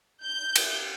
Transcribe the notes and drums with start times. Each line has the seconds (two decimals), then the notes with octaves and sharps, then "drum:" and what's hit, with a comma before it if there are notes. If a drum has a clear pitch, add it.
0.23 G6
0.56 drum: cymbal